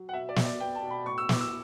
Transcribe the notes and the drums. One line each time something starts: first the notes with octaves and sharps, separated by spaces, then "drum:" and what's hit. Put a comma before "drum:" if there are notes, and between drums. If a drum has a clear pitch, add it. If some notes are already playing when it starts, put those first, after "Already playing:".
Already playing: F#3
F#5
B2 E5
D5
B2 E5, drum: snare
D5
B3 G5
A5
B2
B5
A2 C#6
E6
E4 D6, drum: snare
E6